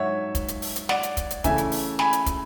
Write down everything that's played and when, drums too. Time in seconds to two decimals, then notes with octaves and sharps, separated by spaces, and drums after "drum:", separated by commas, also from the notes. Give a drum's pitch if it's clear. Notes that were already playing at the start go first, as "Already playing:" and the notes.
Already playing: G#2 F#3 C#5 E5 F#5
0.35 drum: kick, hi-hat
0.48 drum: hi-hat
0.62 drum: open hi-hat
0.76 drum: hi-hat
0.89 D5 F#5, drum: snare
1.03 drum: hi-hat
1.17 drum: kick, hi-hat
1.31 drum: hi-hat
1.44 C#3 E3 A3 E5 G#5, drum: kick, hi-hat
1.58 drum: hi-hat
1.72 drum: open hi-hat
1.99 G#5 B5, drum: snare
2.13 drum: hi-hat
2.26 drum: kick, hi-hat